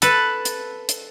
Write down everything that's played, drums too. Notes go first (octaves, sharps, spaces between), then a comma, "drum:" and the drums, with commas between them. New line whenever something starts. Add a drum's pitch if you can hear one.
A4 B4, drum: hi-hat
drum: hi-hat
drum: hi-hat